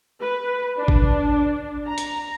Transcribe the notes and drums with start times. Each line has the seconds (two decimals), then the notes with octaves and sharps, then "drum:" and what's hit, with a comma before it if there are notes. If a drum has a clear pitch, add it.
0.21 B4
0.77 D4
0.88 drum: kick G#1
1.87 A#5
1.98 drum: hi-hat